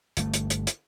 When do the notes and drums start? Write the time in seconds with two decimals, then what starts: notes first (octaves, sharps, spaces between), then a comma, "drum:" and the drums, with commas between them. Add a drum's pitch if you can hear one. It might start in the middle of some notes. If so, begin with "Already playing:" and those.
0.17 G1 A3, drum: hi-hat
0.34 drum: hi-hat
0.50 drum: hi-hat
0.67 drum: hi-hat